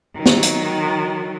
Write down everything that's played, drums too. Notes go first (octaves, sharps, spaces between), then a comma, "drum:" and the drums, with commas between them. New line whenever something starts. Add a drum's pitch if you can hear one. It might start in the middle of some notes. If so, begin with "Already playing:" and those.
D#3 F#3
drum: snare
drum: hi-hat